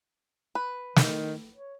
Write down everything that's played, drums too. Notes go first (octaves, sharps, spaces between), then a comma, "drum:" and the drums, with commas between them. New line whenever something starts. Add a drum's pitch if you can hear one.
B4
D#3, drum: snare
C#5